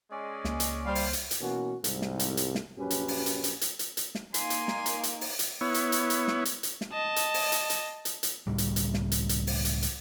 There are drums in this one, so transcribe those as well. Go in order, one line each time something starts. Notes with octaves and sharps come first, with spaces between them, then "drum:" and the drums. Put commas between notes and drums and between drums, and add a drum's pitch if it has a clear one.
G#3 C#4 D5
C#2 A#3, drum: snare
drum: hi-hat
G3 C5 F5
drum: open hi-hat
drum: hi-hat
drum: hi-hat
B2 E3 A#3 C#4 F#4
C2 G#2 G3, drum: hi-hat
drum: snare
drum: hi-hat
drum: hi-hat
drum: snare
A#1 F#2 F#3 C#4 G4 B4
drum: hi-hat
drum: open hi-hat
drum: hi-hat
drum: hi-hat
drum: hi-hat
drum: hi-hat
drum: hi-hat
drum: snare
A#3 D#4 G#5 C6, drum: hi-hat
drum: hi-hat
drum: snare
drum: hi-hat
drum: hi-hat
drum: open hi-hat
drum: hi-hat
B3 E4 C#5
drum: hi-hat
drum: hi-hat
drum: hi-hat
drum: snare
drum: hi-hat
drum: hi-hat
drum: snare
D#5 A5
drum: hi-hat
drum: open hi-hat
drum: hi-hat
drum: hi-hat
drum: hi-hat
drum: hi-hat
C#2 A2 G3
drum: hi-hat
drum: hi-hat
drum: snare
drum: hi-hat
drum: hi-hat
drum: open hi-hat
drum: hi-hat
drum: hi-hat